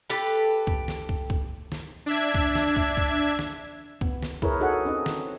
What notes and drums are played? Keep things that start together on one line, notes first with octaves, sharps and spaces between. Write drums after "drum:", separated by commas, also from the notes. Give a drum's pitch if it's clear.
G4 A4 B4
drum: kick
drum: snare
drum: kick
drum: kick
drum: snare
D4 E5 G#6
drum: kick
drum: snare
drum: kick
drum: kick
drum: snare
B3, drum: kick
drum: snare
E4 G#4 A#4 B4 C#5, drum: kick
D#4 F#4 G#4 A4 C#5 F#5
C4 C#4 D#4 D#5
drum: snare